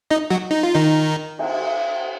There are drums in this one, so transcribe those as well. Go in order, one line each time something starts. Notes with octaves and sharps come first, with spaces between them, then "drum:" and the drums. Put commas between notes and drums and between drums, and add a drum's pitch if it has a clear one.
D#4 D#5
F#3 F#4
D#4
F4
D#3 D#4
drum: cymbal